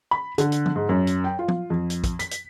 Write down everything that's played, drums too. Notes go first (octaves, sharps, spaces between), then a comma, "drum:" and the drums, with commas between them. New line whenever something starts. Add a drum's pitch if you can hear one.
B5
D3, drum: hi-hat
drum: hi-hat
drum: tom F3
G#2
F#2
drum: hi-hat
G5
F4
drum: tom F3
F2
drum: hi-hat
drum: kick, hi-hat
B6, drum: hi-hat
drum: hi-hat